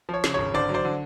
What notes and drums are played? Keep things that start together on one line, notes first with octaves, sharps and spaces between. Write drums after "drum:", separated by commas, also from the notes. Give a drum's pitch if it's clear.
F3 C#5
C#3, drum: snare
G#1 C#5
D3 C5 D5
F#3
C5 D5
D3